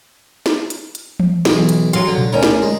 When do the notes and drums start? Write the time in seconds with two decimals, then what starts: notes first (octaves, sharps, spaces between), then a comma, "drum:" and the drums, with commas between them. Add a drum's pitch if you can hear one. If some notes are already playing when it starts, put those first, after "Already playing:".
0.46 drum: snare
0.70 drum: hi-hat
0.95 drum: hi-hat
1.20 drum: tom E3
1.45 B1 E3, drum: snare
1.69 drum: hi-hat
1.93 F#3 F5 C6, drum: hi-hat
2.07 D3
2.18 drum: tom A#2
2.32 D2 C#4 A#4
2.43 drum: snare
2.62 G#3